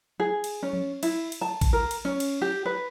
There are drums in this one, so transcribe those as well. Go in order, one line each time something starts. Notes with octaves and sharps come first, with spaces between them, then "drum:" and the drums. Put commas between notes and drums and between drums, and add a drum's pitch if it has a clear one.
G#4
drum: cymbal
C#4
drum: tom
E4, drum: cymbal
drum: cymbal
A5
drum: kick, cymbal
A#4
drum: cymbal
C#4
drum: cymbal
G4
B4